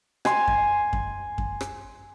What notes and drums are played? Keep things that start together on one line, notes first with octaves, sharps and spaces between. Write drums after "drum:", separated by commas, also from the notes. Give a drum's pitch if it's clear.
G#5 C6, drum: rim click
drum: kick F#2
drum: kick F#2
drum: kick F#2
drum: rim click